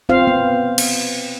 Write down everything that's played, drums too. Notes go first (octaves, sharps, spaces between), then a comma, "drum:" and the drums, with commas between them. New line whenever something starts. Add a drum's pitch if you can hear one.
C4 F4 C5 F5
B3
drum: cymbal